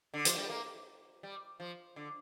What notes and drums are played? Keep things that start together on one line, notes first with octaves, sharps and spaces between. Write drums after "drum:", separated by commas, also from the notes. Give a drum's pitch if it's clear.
D3
F3, drum: hi-hat
G3
A#3
G3
F3
D3